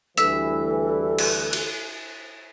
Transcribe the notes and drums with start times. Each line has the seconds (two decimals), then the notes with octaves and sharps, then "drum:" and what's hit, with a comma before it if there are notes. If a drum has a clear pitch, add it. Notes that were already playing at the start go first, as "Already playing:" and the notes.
0.17 D2 E3 G3 A4 E5, drum: hi-hat
1.19 drum: cymbal
1.53 drum: cymbal